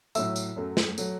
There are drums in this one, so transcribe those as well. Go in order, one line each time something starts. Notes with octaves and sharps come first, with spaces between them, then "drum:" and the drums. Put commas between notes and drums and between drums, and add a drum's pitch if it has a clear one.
A2 F#3 A3 E5 E6, drum: tambourine
drum: tambourine
F#2 F#3 A3
drum: snare
F#3 A3, drum: tambourine